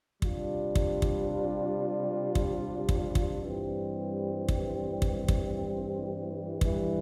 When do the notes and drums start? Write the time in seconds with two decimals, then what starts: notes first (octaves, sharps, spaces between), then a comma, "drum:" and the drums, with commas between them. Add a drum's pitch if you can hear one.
0.22 C3 G3 D4 F4, drum: kick
0.75 drum: kick
1.02 drum: kick
2.35 drum: kick
2.89 drum: kick
3.15 drum: kick
3.42 G2 E3 G3 C4
4.49 drum: kick
5.02 drum: kick
5.28 drum: kick
6.61 G2 E3 G3, drum: kick